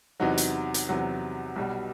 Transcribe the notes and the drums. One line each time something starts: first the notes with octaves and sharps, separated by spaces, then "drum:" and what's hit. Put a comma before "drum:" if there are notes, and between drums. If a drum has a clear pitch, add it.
E2 C3 F#3 D#4 F#4
drum: hi-hat
drum: hi-hat
E2 C3 F#3
B1 B2 G3